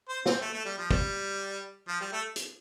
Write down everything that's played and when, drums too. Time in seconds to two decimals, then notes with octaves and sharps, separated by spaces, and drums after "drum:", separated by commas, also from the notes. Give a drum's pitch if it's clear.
0.09 C5
0.26 C4, drum: snare
0.41 A3
0.54 A3
0.65 G3
0.78 F3
0.91 G3, drum: kick
1.88 F3
2.01 G3
2.12 A3
2.36 drum: hi-hat